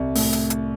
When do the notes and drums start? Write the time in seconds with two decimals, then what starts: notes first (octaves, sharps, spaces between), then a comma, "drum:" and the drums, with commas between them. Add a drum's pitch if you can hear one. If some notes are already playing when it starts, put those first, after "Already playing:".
Already playing: C2
0.15 A2, drum: open hi-hat
0.33 drum: hi-hat
0.50 drum: hi-hat